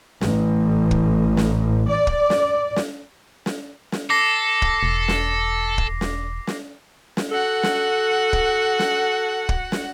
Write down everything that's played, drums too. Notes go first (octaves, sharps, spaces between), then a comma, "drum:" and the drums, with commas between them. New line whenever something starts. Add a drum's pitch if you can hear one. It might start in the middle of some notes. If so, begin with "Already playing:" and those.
A1, drum: snare
drum: kick
drum: snare
D5
drum: kick
drum: snare
drum: snare
drum: snare
drum: snare
A4 D6 A#6 C7
drum: kick
E1
drum: snare
drum: kick
drum: snare
drum: snare
drum: snare
F#4 A4 F#5
drum: snare
drum: kick
drum: snare
drum: kick
drum: snare